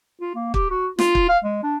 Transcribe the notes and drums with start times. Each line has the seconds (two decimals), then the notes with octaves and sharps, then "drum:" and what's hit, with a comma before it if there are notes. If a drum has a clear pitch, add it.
0.21 F4
0.35 A#3
0.54 G4, drum: kick
0.70 F#4
0.99 F4, drum: snare
1.15 drum: kick
1.29 F5
1.44 G#3
1.63 D4